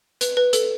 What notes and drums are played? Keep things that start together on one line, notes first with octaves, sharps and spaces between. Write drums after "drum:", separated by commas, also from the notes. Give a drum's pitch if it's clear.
B4, drum: hi-hat
B4
A4, drum: hi-hat